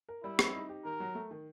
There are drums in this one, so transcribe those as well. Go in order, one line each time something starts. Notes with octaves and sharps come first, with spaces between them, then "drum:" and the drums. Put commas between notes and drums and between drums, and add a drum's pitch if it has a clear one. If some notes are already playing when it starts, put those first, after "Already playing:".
A#4
G3 E4
C4, drum: rim click
D#4
G4
D#3 A#4
F#3
A3
D#3